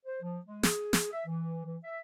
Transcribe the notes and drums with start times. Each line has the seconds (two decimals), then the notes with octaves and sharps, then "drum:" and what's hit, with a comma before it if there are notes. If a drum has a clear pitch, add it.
0.06 C5
0.22 F3
0.45 G#3
0.63 G#4, drum: snare
0.93 drum: snare
1.12 E5
1.26 E3
1.65 E3
1.84 E5